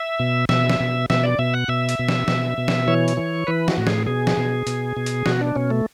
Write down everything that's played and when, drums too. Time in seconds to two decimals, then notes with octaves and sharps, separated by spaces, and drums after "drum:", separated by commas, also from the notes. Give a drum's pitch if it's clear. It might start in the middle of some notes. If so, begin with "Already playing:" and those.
Already playing: E5
0.19 B2
0.49 B2 E5, drum: snare
0.70 drum: snare
0.80 B2
1.10 B2 E5, drum: snare
1.24 D5
1.39 B2 E5
1.54 F#5
1.68 B2 E5
1.89 drum: hi-hat
1.99 B2
2.09 drum: snare
2.28 B2, drum: snare
2.58 B2
2.68 drum: snare
2.88 E3 C#5
3.08 drum: hi-hat
3.17 E3
3.47 E3 B4
3.68 F#4, drum: snare
3.77 A2
3.87 G#4, drum: snare
4.07 B2 G#4
4.27 drum: snare
4.37 B2
4.67 B2, drum: hi-hat
4.97 B2
5.06 drum: hi-hat
5.26 B2 F#4, drum: snare
5.41 D4
5.55 B2 C#4
5.70 A3